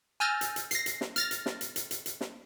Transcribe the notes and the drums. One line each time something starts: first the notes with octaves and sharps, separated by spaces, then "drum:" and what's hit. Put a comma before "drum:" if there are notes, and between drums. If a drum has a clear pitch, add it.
G#5 E6 F6 G6 A6 A#6
drum: hi-hat
drum: hi-hat
A#6 C7, drum: hi-hat
drum: hi-hat
drum: snare
F6 A6 A#6, drum: hi-hat
drum: hi-hat
drum: snare
drum: hi-hat
drum: hi-hat
drum: hi-hat
drum: hi-hat
drum: snare